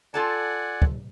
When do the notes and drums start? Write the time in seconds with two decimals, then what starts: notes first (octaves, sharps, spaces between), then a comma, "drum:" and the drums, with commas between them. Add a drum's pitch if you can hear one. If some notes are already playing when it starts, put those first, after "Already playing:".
0.14 F4 A4 D5 F#5 G#5 A5
0.82 drum: kick